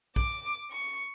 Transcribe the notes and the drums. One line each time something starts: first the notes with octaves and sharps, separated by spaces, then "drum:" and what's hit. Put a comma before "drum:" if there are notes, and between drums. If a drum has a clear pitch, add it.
D6, drum: kick
C#6